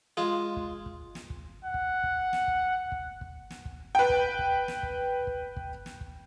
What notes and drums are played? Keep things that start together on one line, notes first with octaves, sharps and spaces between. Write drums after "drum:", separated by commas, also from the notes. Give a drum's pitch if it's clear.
G#3 F4
drum: kick
drum: kick
drum: snare
drum: kick
F#5
drum: kick
drum: kick
drum: snare
drum: kick
drum: kick
drum: kick
drum: snare
drum: kick
B4 G5
drum: kick
drum: kick
drum: snare
drum: kick
drum: kick
drum: kick
drum: snare
drum: kick